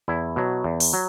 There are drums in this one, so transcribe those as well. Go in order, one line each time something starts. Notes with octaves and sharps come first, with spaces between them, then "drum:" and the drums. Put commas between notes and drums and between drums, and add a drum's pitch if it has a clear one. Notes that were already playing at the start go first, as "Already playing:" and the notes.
E2 E4
B2 F#3
E2
drum: open hi-hat
F#3